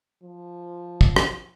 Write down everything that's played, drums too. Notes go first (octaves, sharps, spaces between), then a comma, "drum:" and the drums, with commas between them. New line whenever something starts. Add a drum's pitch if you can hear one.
F3
drum: kick
drum: rim click